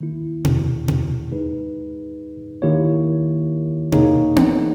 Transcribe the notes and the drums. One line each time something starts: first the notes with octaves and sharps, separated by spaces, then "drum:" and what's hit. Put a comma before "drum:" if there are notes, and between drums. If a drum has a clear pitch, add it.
D#3 A#3 E4
drum: tom B2
drum: tom B2
G#3 D#4 G#4 B4
D#3 A#3 E4 G4 C#5
A#3 D#4 G#4 C#5, drum: tom B2
drum: tom B3